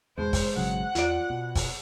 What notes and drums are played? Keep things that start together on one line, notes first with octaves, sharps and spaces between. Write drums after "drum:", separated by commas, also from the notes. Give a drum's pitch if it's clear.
E2 G#2 B2 G#3 C5
drum: kick, open hi-hat
G#1 C#3 F#3 F#5
E2 F4 D5, drum: hi-hat
B2
drum: kick, open hi-hat